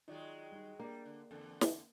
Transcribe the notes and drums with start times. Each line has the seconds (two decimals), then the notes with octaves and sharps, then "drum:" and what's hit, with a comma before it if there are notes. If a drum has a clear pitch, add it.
0.08 D#3 F#3 G#3 D#4 F4 D5
0.52 G3 D#4
0.80 G3 A#3 D4 D5
1.05 D3
1.31 E2 D3 A4
1.61 drum: snare